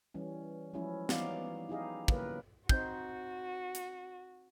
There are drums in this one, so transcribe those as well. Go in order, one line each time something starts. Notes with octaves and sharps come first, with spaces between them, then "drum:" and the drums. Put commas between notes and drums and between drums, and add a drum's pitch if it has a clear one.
E3 G3 C#4
F3 F#3 G#3 C#4 E4
E3 G3 B3 D#4 D5 F5, drum: snare
D#4 E4 G4 G#4 D#5 F5
C#3 F#3 A#3 A#4 B4, drum: kick
C4 D#4 F#4 C5 G6, drum: kick
drum: hi-hat